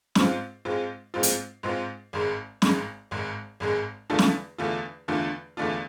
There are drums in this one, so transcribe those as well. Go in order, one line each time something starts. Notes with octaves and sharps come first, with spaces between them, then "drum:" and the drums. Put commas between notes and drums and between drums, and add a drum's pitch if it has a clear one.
G#2 G#3 C4 F4, drum: snare
G#2 G#3 C4 F4
G#2 G#3 C4 F4
drum: hi-hat
G#2 G#3 C4 F4
G#1 G#2 G#3
G#1 G#2 G#3, drum: snare
G#1 G#2 G#3
G#1 G#2 G#3
E2 D3 A3 D4 F4
drum: snare
E2 D3 A3 D4 F4
E2 D3 A3 D4 F4
E2 D3 A3 D4 F4